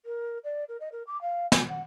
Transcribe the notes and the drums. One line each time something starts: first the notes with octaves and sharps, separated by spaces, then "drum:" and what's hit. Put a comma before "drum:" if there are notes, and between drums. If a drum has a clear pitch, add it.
A#4
D5
A#4
D#5
A#4
D6
F5
G#5, drum: snare
F#5